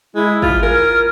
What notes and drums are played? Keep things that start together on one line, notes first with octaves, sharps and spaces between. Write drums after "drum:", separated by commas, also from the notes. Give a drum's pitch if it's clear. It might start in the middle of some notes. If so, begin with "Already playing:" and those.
G#3 E4
F4, drum: kick
A#4 G#5 F6